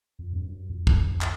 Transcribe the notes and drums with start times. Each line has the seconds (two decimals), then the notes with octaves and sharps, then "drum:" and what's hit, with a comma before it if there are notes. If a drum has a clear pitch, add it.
0.19 F2
0.33 G2
0.44 F#2
0.70 F2
0.87 drum: kick
1.21 drum: clap